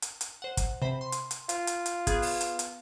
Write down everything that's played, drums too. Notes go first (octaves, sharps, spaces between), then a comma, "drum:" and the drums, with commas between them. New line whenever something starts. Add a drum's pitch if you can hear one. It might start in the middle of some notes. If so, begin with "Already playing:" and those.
drum: hi-hat
drum: hi-hat
C5 F#5
drum: kick, hi-hat
C3 C5 B5
C6
drum: hi-hat
drum: hi-hat
F4, drum: hi-hat
drum: hi-hat
drum: hi-hat
B3 G#4 G#6, drum: kick, hi-hat
drum: open hi-hat
drum: hi-hat
drum: hi-hat